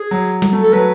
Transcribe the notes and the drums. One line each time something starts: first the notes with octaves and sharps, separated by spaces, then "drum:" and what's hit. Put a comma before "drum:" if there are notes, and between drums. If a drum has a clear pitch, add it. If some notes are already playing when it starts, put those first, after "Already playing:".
Already playing: G#4
F#3
drum: tom G3
A3
A4
F#3 B4